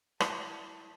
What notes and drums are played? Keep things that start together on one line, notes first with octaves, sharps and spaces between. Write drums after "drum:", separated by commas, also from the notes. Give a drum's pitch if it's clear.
E4 A5, drum: rim click